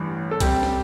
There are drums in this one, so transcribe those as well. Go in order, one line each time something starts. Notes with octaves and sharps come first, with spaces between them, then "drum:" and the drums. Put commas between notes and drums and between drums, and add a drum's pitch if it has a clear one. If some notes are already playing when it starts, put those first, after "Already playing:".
Already playing: A1 G2 E3
A4
G2 G3 C4 G4, drum: kick, hi-hat
drum: snare